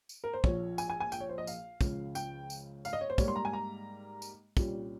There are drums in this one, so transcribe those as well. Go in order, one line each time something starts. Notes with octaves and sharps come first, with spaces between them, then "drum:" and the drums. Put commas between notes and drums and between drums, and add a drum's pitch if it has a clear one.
drum: tambourine
A#4
C5
A#1 A#2 F3 C#5, drum: kick
G#5, drum: tambourine
G#5
G#5
G5, drum: tambourine
C#5
C5
D#5
F5, drum: tambourine
C#2 C#3 F3, drum: kick, tambourine
G5, drum: tambourine
drum: tambourine
F5, drum: tambourine
D#5
C#5
C5
G#2 G3 A#3 C#5, drum: kick, tambourine
C6
A#5
G#5
A#5
drum: tambourine
C2 A#2 G3 C#4, drum: kick, tambourine